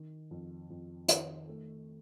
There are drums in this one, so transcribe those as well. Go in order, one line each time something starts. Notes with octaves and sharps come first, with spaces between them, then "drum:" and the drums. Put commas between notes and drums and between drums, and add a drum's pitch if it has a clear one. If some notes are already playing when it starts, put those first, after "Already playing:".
Already playing: D#3
F2
F2
D#3, drum: hi-hat
A3